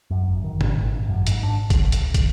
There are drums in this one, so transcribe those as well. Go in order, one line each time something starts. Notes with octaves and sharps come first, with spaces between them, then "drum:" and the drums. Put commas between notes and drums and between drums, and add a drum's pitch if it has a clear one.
F#2
G#1
D#3
G#1, drum: tom A#2
G#1
G#1
F#2
G#2, drum: hi-hat
D4
drum: kick, hi-hat
drum: hi-hat
drum: kick, hi-hat